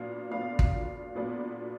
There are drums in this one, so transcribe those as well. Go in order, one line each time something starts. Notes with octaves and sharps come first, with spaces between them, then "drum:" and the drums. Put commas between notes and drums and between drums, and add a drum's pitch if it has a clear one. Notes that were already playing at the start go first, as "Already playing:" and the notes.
Already playing: A#2 F#3 B3 D4 F4 F5
A#2 F#3 B3 D4 F4 F5
drum: kick
A#2 F#3 B3 D4 F4